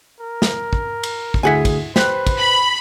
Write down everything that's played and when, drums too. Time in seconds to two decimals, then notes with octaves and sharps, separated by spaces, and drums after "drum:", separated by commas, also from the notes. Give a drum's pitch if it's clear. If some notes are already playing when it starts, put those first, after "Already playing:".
0.20 A#4
0.42 drum: snare
0.73 drum: kick
1.03 drum: cymbal
1.34 drum: kick
1.43 D2 E4 G#4 F#5 G#5 B6
1.65 drum: kick, cymbal
1.96 G4 B4 C5 F#6, drum: snare
2.27 drum: kick, cymbal
2.38 B5